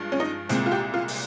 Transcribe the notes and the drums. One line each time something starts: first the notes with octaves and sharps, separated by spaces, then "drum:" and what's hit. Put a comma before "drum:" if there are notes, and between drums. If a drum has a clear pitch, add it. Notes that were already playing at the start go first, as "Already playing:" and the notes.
Already playing: G2 F3 G#3
C#4
D#4
C2 A#2 G#3 C4, drum: hi-hat
F4
G4
F4
drum: open hi-hat